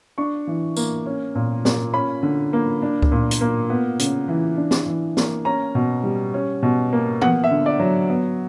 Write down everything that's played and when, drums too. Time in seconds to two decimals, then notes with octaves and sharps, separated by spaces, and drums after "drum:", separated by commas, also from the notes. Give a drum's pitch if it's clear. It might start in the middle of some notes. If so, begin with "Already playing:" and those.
0.18 D4 C#6
0.47 E3
0.77 A#3, drum: tambourine
1.06 C#4
1.35 A#2
1.65 A#3, drum: snare
1.93 C#4 B5
2.23 D3
2.53 A#3
2.82 D4
3.02 drum: kick C#2
3.12 A#2
3.31 drum: hi-hat
3.41 A#3
3.70 B3
3.99 C#3, drum: hi-hat
4.28 E3
4.57 D4
4.71 drum: snare
4.86 E3
5.17 A#3, drum: snare
5.45 C#4 A#5
5.75 B2
6.04 G3
6.34 C#4
6.63 B2
6.93 A#3
7.22 B3 F#5, drum: tom
7.44 E5
7.51 D3
7.66 D5
7.80 F#3
8.09 B3